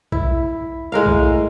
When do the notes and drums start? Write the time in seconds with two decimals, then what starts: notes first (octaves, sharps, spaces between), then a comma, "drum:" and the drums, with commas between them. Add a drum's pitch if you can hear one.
0.12 E4, drum: kick B1
0.92 A2 G#3 A#4 F5
1.06 drum: kick B1